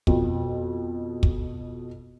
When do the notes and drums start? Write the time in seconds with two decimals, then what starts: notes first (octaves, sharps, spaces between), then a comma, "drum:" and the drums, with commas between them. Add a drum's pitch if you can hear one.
0.07 F2 B2, drum: kick
1.23 drum: kick